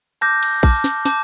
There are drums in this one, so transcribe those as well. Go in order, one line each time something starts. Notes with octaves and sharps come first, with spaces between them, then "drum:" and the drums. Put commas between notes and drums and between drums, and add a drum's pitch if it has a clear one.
A5 D6 F6 G6 A#6
drum: cymbal
A5 D6 F6, drum: kick A#1
drum: snare
A5 D6 G6, drum: snare